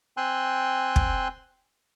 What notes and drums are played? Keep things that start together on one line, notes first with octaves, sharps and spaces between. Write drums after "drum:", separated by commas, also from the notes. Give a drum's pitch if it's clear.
C4 G5 G#5 C6 E6 F#6
drum: kick